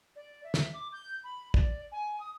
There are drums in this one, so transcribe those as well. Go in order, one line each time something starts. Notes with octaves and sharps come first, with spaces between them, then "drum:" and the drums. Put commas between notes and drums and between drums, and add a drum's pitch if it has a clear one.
D5
E5
drum: snare
D6
G6
B5
D5, drum: kick
G#5
D#6